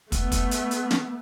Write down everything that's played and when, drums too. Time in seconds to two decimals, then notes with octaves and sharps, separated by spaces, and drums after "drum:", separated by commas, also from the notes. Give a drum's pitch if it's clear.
0.12 A3 B3, drum: kick, hi-hat
0.32 drum: kick, hi-hat
0.51 drum: hi-hat
0.71 drum: hi-hat
0.91 drum: snare